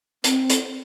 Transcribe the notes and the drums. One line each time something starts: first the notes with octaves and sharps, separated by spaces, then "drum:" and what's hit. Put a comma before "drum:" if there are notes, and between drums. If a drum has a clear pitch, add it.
C4, drum: hi-hat
drum: hi-hat